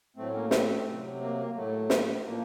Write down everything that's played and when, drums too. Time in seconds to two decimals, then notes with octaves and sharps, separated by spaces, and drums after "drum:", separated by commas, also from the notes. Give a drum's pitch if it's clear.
0.17 A2 F#3 A3 C4
0.34 A#3 C#4
0.51 A3 C4, drum: snare
0.86 C3 F#3
1.20 A#3
1.38 A#3
1.55 A2 F#3 A3
1.90 drum: snare
2.24 A#2 F3 A#3